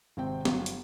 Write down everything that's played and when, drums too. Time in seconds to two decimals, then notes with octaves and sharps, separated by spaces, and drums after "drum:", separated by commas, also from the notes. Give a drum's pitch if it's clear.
0.17 G#1 C3 C4 G5
0.45 G1 F#3, drum: snare
0.66 drum: hi-hat